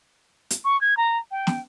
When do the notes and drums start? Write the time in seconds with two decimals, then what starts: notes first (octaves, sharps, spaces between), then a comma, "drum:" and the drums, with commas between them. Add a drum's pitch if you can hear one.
0.50 drum: hi-hat
0.65 C#6
0.81 G#6
0.97 A#5
1.31 G5
1.47 drum: snare